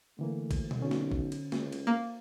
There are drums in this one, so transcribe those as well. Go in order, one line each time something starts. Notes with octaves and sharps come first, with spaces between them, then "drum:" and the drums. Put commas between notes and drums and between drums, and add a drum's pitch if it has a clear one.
D3 E3 A3 A#3
drum: kick A1, cymbal
drum: tom B2
B1 D3 C#4
drum: snare
drum: kick A1
drum: cymbal
C#2, drum: snare
drum: cymbal
A#3